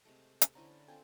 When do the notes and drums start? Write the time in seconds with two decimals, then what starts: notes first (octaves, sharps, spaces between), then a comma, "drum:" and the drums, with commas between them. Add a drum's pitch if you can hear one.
0.05 C3 G#3 A3
0.41 drum: hi-hat
0.55 D3 C#4 E4 B4 C5 A#5
0.88 C4 D4 F4 A4 G5 G#5